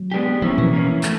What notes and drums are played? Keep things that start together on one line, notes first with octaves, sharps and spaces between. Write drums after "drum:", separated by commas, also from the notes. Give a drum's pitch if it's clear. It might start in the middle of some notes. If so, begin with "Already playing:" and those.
Already playing: F#3
G#3 B3 D4 G4
F3 A#3 C#4 E4
E3, drum: tom A#2
A#3 C#4 E4
A3, drum: clap